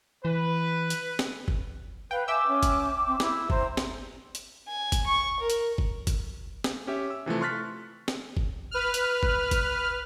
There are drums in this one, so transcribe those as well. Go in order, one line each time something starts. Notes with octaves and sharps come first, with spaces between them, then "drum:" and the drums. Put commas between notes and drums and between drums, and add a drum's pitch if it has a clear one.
E3 B4
drum: hi-hat
drum: snare
drum: kick G1
B4 F5 G5
E5 G5 G#5 D6 E6
C#4
drum: kick G1, hi-hat
C4
E4, drum: snare
C5 A#5, drum: kick G1
drum: snare
drum: hi-hat
G#5
drum: kick G1, hi-hat
C#6
A#4
drum: hi-hat
drum: kick G1
drum: kick G1, hi-hat
drum: snare
C#4 G4 E5
E6
C3 E3 F3 A3
C6 C#6 F6 F#6 A6 B6
drum: snare
drum: kick G1
B4 F6
drum: hi-hat
drum: kick G1
drum: kick G1, hi-hat